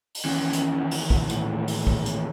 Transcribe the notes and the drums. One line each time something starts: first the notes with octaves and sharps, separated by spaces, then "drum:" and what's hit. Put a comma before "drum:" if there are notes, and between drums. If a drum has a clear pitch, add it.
drum: open hi-hat
D#2 E3 C#4
drum: hi-hat
drum: open hi-hat
drum: kick A#1
A2, drum: hi-hat
drum: open hi-hat
drum: kick A#1
drum: hi-hat